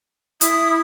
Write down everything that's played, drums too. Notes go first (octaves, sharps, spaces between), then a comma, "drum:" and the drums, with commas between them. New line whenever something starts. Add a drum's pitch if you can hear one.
E4 D#6, drum: hi-hat